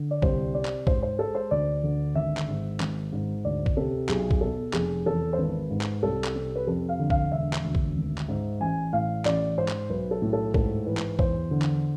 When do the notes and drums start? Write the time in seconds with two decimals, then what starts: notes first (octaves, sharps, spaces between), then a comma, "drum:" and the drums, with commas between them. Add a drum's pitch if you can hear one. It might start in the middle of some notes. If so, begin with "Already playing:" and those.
Already playing: D3
0.11 D5
0.22 C2 C5, drum: kick A1
0.54 C3 D5
0.65 drum: clap
0.87 G#2 C5, drum: kick A1
1.02 C5
1.19 G#3 A4
1.35 C5
1.51 D2 D5
1.83 D3
2.15 G#1 E5
2.37 drum: clap
2.48 G#2
2.80 G#1, drum: clap
3.12 G#2
3.45 D2 D5
3.66 drum: kick A1
3.77 C3 A4
4.09 B1 G#4, drum: clap
4.31 drum: kick A1
4.41 B2 A4
4.73 F1 G#4, drum: clap
5.06 E2 A4
5.33 C5
5.38 G#1 B4
5.70 G#2
5.81 drum: clap
6.03 C2 A4
6.24 drum: clap
6.35 C3
6.56 B4
6.67 F2 A4
6.89 F5
6.99 D3
7.10 F5, drum: kick A1
7.32 E1 E5
7.53 drum: clap
7.64 D2
7.75 drum: kick A1
7.96 G#1
8.18 drum: clap
8.28 G#2
8.60 A1 G#5
8.93 A2 F5
9.25 A1 D5, drum: clap
9.58 G#2 C5
9.68 drum: clap
9.90 B1 B4
10.11 A4
10.22 A2
10.33 A4
10.54 G#2 A4, drum: kick A1
10.86 E3 B4
10.97 drum: clap
11.19 E2 C5, drum: kick A1
11.51 D3
11.62 drum: clap